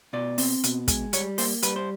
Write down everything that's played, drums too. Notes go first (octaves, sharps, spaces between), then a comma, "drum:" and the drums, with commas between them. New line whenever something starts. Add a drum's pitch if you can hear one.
B2 D5
C4, drum: open hi-hat
B2, drum: hi-hat
G#3, drum: kick, hi-hat
G3 C#5, drum: hi-hat
A#3 C5, drum: open hi-hat
G3 B4, drum: hi-hat
C5